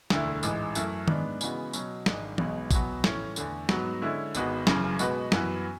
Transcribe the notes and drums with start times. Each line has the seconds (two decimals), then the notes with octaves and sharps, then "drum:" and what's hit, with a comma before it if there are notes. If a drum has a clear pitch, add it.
0.10 E1 D2 D3 A3 E4, drum: snare
0.43 A1 G#2 E3 G#3, drum: tambourine
0.75 F#2 E3 A3 E4 A4, drum: tambourine
1.08 G#2 G#3 B3 D4, drum: tom
1.41 C#3 E3 G#3 B3 F#4, drum: tambourine
1.73 B2 F#3 C#4, drum: tambourine
2.06 G#1 G#2 G#3 D4, drum: snare
2.38 B1 B2 G#3 B3, drum: tom
2.71 E2 B2 F#3 B3 F#4, drum: kick A1, tambourine
3.04 A2 E3 A3 C#4, drum: snare
3.36 E2 D3 A3, drum: tambourine
3.69 G#2 F#3 B3 F#4, drum: snare
4.01 D3 G#3 C#4 E4
4.35 G#1 G#2 G#3 B3 F#4, drum: tambourine
4.67 F#1 F#2 C#3 E3, drum: snare
4.99 B2 G#3 B3 F#4 B4, drum: tambourine
5.32 F#2 E3 B3 F#4 B4, drum: snare